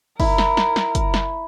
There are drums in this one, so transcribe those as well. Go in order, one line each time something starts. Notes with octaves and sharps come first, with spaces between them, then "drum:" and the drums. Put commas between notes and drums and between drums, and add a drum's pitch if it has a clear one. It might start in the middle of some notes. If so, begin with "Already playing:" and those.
E4 A#4, drum: kick, open hi-hat
drum: snare
drum: snare
drum: snare
drum: kick, hi-hat
drum: snare